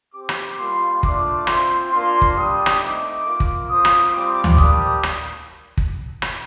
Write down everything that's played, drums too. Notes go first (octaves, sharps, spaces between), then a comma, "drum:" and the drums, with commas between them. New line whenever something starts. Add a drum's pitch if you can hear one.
C4 G4 D6
drum: rim click
G3 A#3 F4 C6
A3 D4 F4 D6, drum: kick
C4 F4 C6, drum: rim click
A#3 D4 F4 C6
drum: kick
G3 D4 G4 D#6
drum: rim click
A3 C4 D#4 D6
A#3 F4
drum: kick
C4 F4 D#6
drum: rim click
G3 C4 F4 D6
drum: tom D2
G3 A#3 D4 G4 D#6, drum: kick
drum: rim click
drum: kick
drum: rim click